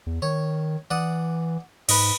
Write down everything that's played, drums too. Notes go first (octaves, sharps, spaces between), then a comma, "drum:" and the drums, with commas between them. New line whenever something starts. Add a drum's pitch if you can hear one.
E2
D#3 C#5
E3 D5 F#5 D#6
G#2 B4 D#5, drum: cymbal